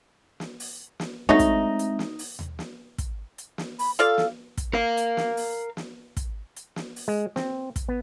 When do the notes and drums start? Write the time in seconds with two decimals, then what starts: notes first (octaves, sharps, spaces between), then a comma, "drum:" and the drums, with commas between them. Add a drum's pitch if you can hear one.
0.40 drum: snare
0.60 drum: open hi-hat
1.00 drum: snare
1.29 F#3 G#3 A3 C4 D#4 C#5 E5 A#6
1.39 drum: kick, hi-hat
1.79 drum: hi-hat
1.99 drum: snare
2.19 drum: open hi-hat
2.39 drum: tom D#2
2.59 drum: snare
2.98 drum: kick, hi-hat
3.38 drum: hi-hat
3.58 drum: snare
3.79 B5, drum: open hi-hat
3.99 F4 A4 D5 F5
4.18 drum: snare
4.58 drum: kick, hi-hat
4.74 A#4 F5
4.97 drum: hi-hat
5.17 drum: snare
5.37 drum: open hi-hat
5.77 drum: snare
6.17 drum: kick, hi-hat
6.56 drum: hi-hat
6.76 drum: snare
6.96 drum: open hi-hat
7.08 G#3
7.36 C4, drum: snare
7.76 drum: kick, hi-hat
7.89 B3